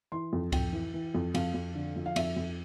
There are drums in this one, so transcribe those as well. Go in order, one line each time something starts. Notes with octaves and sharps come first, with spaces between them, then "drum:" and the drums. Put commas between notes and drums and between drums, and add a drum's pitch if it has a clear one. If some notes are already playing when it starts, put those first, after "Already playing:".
E3 C6
F2
F2 G5, drum: kick C#2, cymbal
E3
E3
F2
F2 F5, drum: cymbal
F2
D3
F3
F5
F2 E5, drum: cymbal
F2